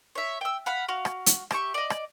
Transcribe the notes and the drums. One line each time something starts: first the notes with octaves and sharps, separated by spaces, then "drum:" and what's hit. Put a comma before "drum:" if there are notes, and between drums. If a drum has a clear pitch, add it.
C#5 E5
G5 E6
F5 F#5 B5
F#4 F5
drum: rim click
drum: hi-hat
G4 E5 C#6, drum: rim click
D5 D#5
drum: rim click